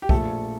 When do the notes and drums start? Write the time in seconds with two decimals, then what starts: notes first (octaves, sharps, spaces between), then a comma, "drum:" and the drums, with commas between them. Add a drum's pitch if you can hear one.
0.02 G4
0.09 A#1 A#2 F3 A3 A4, drum: kick